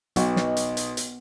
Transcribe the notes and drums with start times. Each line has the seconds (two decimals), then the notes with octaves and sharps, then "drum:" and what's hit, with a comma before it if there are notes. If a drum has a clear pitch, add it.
0.16 B1 B3 F#4 D#5, drum: hi-hat
0.36 drum: snare
0.57 drum: hi-hat
0.77 drum: hi-hat
0.97 drum: hi-hat